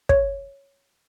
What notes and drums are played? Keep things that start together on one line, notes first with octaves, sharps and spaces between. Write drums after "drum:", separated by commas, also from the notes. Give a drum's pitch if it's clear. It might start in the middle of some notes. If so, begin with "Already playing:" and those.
C#5, drum: kick